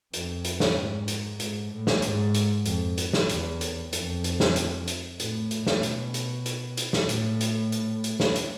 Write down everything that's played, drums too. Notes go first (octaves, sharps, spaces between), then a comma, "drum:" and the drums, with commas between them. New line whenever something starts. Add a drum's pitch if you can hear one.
F2, drum: hi-hat
drum: hi-hat
drum: snare
G#2
drum: hi-hat
G#2, drum: hi-hat
A2
drum: snare
G#2, drum: hi-hat
drum: hi-hat
F2, drum: hi-hat
drum: hi-hat
drum: snare
E2, drum: hi-hat
drum: hi-hat
F2, drum: hi-hat
drum: hi-hat
drum: snare
drum: hi-hat
drum: hi-hat
A2, drum: hi-hat
drum: hi-hat
drum: snare
B2, drum: hi-hat
drum: hi-hat
drum: hi-hat
drum: hi-hat
drum: snare
A2, drum: hi-hat
drum: hi-hat
drum: hi-hat
drum: hi-hat
drum: snare
drum: hi-hat